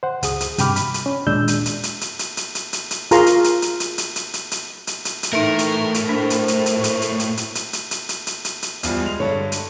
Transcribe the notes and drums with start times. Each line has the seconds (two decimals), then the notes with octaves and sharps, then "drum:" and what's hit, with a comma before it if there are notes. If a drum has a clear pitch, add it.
0.03 C5 F#5
0.23 C#2 G#4 D#6, drum: hi-hat
0.40 drum: hi-hat
0.58 G2 C3 G5 B5 D6 F6, drum: hi-hat
0.76 B5, drum: hi-hat
0.94 drum: hi-hat
1.06 C#4
1.27 D#2 A#2 G#3 D4 E6 G6
1.48 drum: hi-hat
1.66 drum: hi-hat
1.83 drum: hi-hat
2.01 drum: hi-hat
2.19 drum: hi-hat
2.37 drum: hi-hat
2.55 drum: hi-hat
2.73 drum: hi-hat
2.91 drum: hi-hat
3.11 F4 G#4 A#4 A#5 C6 C#6, drum: hi-hat
3.26 drum: hi-hat
3.44 drum: hi-hat
3.62 drum: hi-hat
3.80 drum: hi-hat
3.98 drum: hi-hat
4.16 drum: hi-hat
4.34 drum: hi-hat
4.51 drum: hi-hat
4.87 drum: hi-hat
5.05 drum: hi-hat
5.23 drum: hi-hat
5.33 A2 E3 A3 D#4 A#4 E5
5.59 drum: hi-hat
5.94 drum: hi-hat
6.09 D4 C5
6.30 drum: hi-hat
6.48 drum: hi-hat
6.66 drum: hi-hat
6.84 drum: hi-hat
7.02 drum: hi-hat
7.20 drum: hi-hat
7.37 drum: hi-hat
7.55 drum: hi-hat
7.73 drum: hi-hat
7.91 drum: hi-hat
8.09 drum: hi-hat
8.27 drum: hi-hat
8.45 drum: hi-hat
8.62 drum: hi-hat
8.83 E2 F3 G3, drum: hi-hat
9.03 G#3 F7
9.20 G2 D3 C#5
9.52 drum: hi-hat